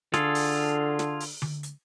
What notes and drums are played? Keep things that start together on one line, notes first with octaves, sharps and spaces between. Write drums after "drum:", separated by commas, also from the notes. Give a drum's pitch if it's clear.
D3 F4 G#4 A4, drum: snare
drum: open hi-hat
drum: snare
drum: open hi-hat
drum: tom D3
drum: hi-hat